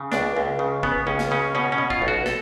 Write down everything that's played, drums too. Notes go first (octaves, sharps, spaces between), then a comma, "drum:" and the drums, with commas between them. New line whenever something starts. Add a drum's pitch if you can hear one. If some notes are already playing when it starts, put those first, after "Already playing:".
Already playing: C#3
C#2 D4, drum: snare
C#2
C#3
C#3 B3, drum: kick
C#2 C#4
drum: snare
C#3 C#4
B2 C#4
C#4
B2
F4, drum: kick
B1
F#4
A4, drum: snare